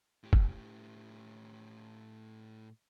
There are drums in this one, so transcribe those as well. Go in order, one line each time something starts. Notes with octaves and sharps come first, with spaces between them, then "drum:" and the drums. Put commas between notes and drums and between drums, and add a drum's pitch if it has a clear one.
A2 G4
drum: kick